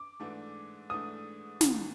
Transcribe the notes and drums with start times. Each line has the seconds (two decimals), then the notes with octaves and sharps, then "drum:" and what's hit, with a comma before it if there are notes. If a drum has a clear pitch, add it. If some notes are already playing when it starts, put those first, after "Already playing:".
Already playing: D6
0.20 G#2 E3 A3 D4
0.89 G#2 E3 A3 D4 D#6
1.61 G#1 G#2 D#3, drum: snare